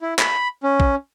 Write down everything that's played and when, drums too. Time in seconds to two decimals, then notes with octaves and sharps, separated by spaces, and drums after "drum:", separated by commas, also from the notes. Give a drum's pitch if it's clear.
0.01 E4
0.19 B5, drum: clap
0.63 C#4
0.80 drum: kick A#1